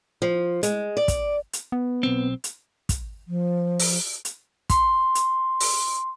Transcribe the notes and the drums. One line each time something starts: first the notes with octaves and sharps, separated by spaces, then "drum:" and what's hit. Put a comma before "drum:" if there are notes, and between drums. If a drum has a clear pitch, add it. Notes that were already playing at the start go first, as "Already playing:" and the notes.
F3
G#3, drum: hi-hat
D5
drum: kick, hi-hat
drum: hi-hat
B3
B1 C4
drum: hi-hat
drum: kick, hi-hat
F3
drum: open hi-hat
drum: hi-hat
C6, drum: kick, hi-hat
drum: hi-hat
drum: open hi-hat